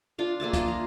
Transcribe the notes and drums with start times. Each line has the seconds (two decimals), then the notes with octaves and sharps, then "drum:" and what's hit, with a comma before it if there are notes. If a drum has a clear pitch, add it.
0.18 D4 F4 F5
0.40 A#3 G#4 E5 A5
0.53 F4, drum: kick, hi-hat
0.68 A#5